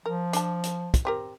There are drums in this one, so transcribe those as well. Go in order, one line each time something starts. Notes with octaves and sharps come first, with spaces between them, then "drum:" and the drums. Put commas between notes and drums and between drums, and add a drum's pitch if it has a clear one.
F3 A#4
D4 A5, drum: hi-hat
drum: hi-hat
drum: kick, hi-hat
C4 G4 A#4